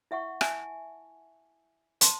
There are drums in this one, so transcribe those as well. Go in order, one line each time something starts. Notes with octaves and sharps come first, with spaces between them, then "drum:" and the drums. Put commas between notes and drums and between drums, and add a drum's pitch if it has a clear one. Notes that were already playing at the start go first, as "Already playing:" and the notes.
E4 E5 F#5 C#6
E5 G#5 A5, drum: rim click
C5 A5 C6, drum: hi-hat